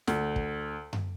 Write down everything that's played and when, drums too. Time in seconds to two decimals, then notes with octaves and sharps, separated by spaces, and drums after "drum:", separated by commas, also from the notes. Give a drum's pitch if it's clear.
0.07 D2, drum: snare
0.36 drum: kick
0.93 drum: tom F#2